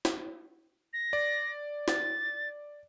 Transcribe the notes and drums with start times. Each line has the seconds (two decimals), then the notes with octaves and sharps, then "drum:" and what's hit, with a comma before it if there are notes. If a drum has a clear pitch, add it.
0.05 drum: snare
0.93 A#6
1.13 D5
1.88 A6, drum: snare